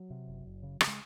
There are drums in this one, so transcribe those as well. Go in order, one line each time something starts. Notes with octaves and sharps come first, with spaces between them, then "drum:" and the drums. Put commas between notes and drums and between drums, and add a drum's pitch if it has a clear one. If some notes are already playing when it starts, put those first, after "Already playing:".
Already playing: F#3
C3
F#1
F#1
C#3
C#3, drum: rim click
G#3